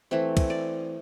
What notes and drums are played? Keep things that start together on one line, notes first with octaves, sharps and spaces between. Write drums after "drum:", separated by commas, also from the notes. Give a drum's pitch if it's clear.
E3 A3 C4
drum: kick, cymbal
D5